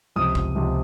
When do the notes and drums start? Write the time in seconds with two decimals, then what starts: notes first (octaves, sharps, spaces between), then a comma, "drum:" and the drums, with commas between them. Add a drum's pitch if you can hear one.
0.16 C#2 C3 F3 D#6
0.35 drum: kick
0.55 C#2 C3 F3